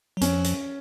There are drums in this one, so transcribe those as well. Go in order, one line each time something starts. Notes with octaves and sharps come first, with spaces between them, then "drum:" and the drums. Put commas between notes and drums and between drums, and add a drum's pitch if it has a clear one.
F#3
F2 F3 C#4, drum: hi-hat
drum: hi-hat